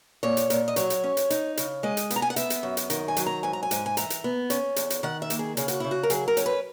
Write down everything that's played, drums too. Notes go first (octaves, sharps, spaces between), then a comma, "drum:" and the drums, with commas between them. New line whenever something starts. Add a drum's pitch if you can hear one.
A#2 C#5
drum: hi-hat
A#2, drum: hi-hat
D#5
F#3 C#5, drum: hi-hat
drum: hi-hat
C#4
drum: hi-hat
D#4, drum: hi-hat
C#3, drum: hi-hat
G#3 D#5
drum: hi-hat
B3, drum: hi-hat
A#5
G#5
F#5
B3 E5, drum: hi-hat
drum: hi-hat
F#2
drum: hi-hat
D#3, drum: hi-hat
G#5
F#3, drum: hi-hat
A#5
G#2 G#5
A#5
G#5
G#2, drum: hi-hat
G#5
E3 A#5, drum: hi-hat
drum: hi-hat
B3
C#4, drum: hi-hat
E2, drum: hi-hat
drum: hi-hat
D#3 F#5
E5
A#3, drum: hi-hat
G#4
C#3 G#4, drum: hi-hat
F#4, drum: hi-hat
C#3 E4
F#4
A#4
F#3 G#4, drum: hi-hat
A#4
C#4, drum: hi-hat
B4